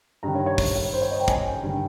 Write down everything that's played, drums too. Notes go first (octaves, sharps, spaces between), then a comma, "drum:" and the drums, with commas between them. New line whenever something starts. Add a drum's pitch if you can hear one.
G2 D#3 A#5
C#5
C#5
drum: kick, open hi-hat
C#5
C5
C#5
D#5
G5
A#5
G#5, drum: kick, hi-hat
G2 D#3